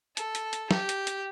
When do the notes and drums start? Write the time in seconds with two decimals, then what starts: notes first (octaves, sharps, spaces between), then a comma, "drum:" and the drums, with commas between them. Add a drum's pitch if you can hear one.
0.17 A4, drum: hi-hat
0.35 drum: hi-hat
0.53 drum: hi-hat
0.71 G4, drum: snare
0.89 drum: hi-hat
1.07 drum: hi-hat